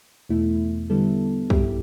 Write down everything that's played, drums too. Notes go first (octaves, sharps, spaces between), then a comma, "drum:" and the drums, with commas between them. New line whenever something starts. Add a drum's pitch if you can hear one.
E2 B2 A3 E4
D3 G3 B3 E4 A4
G2 G3 E4 G4, drum: kick